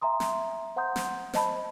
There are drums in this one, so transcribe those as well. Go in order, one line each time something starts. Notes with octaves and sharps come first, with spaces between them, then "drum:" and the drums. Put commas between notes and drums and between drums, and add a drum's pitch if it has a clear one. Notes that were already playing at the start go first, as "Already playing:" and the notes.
E5 G#5 A#5 C6 D#6
drum: snare
C5 F#5 A#5 C6 D#6 G6
drum: snare
C5 D#5 A5 B5, drum: snare